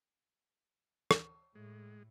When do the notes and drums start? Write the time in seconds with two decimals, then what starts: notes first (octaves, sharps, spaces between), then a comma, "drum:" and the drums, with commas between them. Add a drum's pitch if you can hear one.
1.11 drum: rim click
1.55 A2 G#3